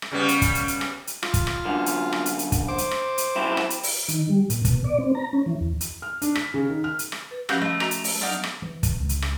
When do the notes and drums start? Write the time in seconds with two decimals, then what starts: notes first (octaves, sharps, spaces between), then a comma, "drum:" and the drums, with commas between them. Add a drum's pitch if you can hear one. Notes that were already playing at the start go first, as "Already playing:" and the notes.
0.02 drum: rim click
0.12 C#3 G3 B3
0.28 drum: hi-hat
0.42 drum: kick, hi-hat
0.55 drum: hi-hat
0.68 drum: hi-hat
0.81 drum: rim click
1.07 drum: hi-hat
1.23 F4, drum: rim click
1.34 drum: kick, hi-hat
1.47 drum: rim click
1.65 F#2 D3
1.86 drum: hi-hat
2.13 drum: rim click
2.26 drum: hi-hat
2.39 drum: hi-hat
2.52 drum: kick, hi-hat
2.68 C5 D6
2.78 drum: hi-hat
2.91 drum: rim click
3.18 drum: hi-hat
3.36 F#2 C4 E4
3.57 drum: rim click
3.70 drum: hi-hat
3.83 drum: open hi-hat
4.08 D#3, drum: hi-hat
4.29 G3
4.50 A#2, drum: hi-hat
4.65 B2, drum: kick, hi-hat
4.84 D5
4.98 C4
5.15 A#5
5.33 C#4
5.46 E3
5.61 E2
5.81 drum: hi-hat
6.02 F6
6.22 D4, drum: hi-hat
6.35 B6, drum: rim click
6.54 C#3
6.69 D#3
6.84 F6
6.99 drum: hi-hat
7.12 drum: rim click
7.31 B4
7.49 F3 C#4 F#4 G4 F5 G6, drum: rim click
7.61 A3 D#5
7.80 F#4 A#5, drum: rim click
7.91 drum: hi-hat
8.04 drum: open hi-hat
8.21 F#3 B3 D4 D#4 F5 F#5
8.43 drum: rim click
8.62 E3
8.83 drum: kick, hi-hat
9.00 C#2
9.09 drum: hi-hat
9.22 drum: rim click